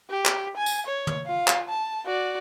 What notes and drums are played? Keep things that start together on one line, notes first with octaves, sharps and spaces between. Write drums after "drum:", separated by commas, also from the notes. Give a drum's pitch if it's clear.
G4
drum: clap
G#5
drum: tambourine
C#5
drum: tom
F4 F5
drum: clap
A5
F#4 D5